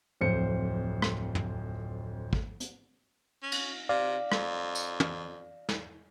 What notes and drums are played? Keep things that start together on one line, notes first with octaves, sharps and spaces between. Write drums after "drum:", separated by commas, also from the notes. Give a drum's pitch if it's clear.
D1 F2 C5 C#7
drum: rim click
drum: tom
drum: kick
drum: hi-hat
C#4
drum: cymbal
C3 D5 F5
F2, drum: rim click
drum: tambourine
drum: tom
drum: snare